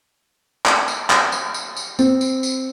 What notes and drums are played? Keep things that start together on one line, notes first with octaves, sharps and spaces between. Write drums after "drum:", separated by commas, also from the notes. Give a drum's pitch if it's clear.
drum: clap
drum: tambourine
drum: clap
drum: tambourine
drum: tambourine
drum: tambourine
C4, drum: tambourine
drum: tambourine
drum: tambourine